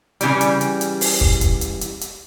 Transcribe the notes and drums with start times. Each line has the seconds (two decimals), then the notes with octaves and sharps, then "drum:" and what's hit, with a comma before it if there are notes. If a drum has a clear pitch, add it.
0.21 C#3 E3 G3, drum: hi-hat
0.41 drum: hi-hat
0.61 drum: hi-hat
0.81 drum: hi-hat
1.01 drum: open hi-hat
1.21 drum: kick
1.41 drum: kick, hi-hat
1.61 drum: hi-hat
1.81 drum: hi-hat
2.01 drum: hi-hat